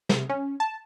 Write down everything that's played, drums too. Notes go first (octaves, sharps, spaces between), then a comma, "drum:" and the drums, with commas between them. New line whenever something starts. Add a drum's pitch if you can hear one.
C3, drum: snare
C#4
A5